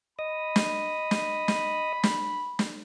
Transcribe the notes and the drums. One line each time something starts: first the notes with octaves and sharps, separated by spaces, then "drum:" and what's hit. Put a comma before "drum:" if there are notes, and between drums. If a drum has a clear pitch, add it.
D#5 B5 D#6
drum: snare
drum: snare
drum: snare
drum: snare
drum: snare